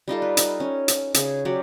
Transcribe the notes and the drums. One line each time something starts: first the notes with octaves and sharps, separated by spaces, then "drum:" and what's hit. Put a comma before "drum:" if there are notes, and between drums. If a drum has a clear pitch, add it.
G3 D#4 F4 A4
B4
D#4, drum: hi-hat
C#4
drum: hi-hat
C#3 G#4, drum: hi-hat
F#3 C#4 G4 D5